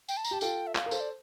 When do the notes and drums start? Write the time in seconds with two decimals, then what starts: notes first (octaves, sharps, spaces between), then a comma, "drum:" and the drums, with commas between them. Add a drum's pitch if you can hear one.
0.09 G5, drum: tambourine
0.17 A5
0.25 A#5, drum: tambourine
0.31 G4 A5
0.41 F4 A4 G5, drum: tambourine
0.67 E5
0.75 F5, drum: clap
0.86 A#4
0.91 A4 C5, drum: tambourine
1.00 D5